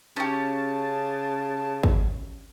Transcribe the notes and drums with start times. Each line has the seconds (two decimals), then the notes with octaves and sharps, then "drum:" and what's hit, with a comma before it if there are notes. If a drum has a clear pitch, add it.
0.16 C#3 C#4 G4 A5
1.83 drum: kick